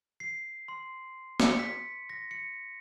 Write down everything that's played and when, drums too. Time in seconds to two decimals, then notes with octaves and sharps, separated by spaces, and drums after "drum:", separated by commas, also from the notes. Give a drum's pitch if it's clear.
0.20 C7
0.68 C6
1.40 C#7, drum: snare
1.59 B6
2.10 A#6
2.31 C#7